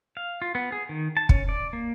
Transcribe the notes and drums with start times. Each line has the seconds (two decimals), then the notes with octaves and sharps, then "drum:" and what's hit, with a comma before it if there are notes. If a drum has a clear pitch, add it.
0.17 F5
0.42 F4
0.55 B3
0.72 G#4
0.89 D#3
1.17 A5
1.29 C#4, drum: kick
1.49 D5
1.73 A#3